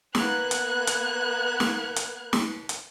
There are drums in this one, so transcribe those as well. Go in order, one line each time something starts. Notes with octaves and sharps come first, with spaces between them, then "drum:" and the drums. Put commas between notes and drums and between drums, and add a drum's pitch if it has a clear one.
A#3 B3 F#6 G#6, drum: snare
drum: hi-hat
drum: hi-hat
drum: snare
drum: hi-hat
drum: snare
drum: hi-hat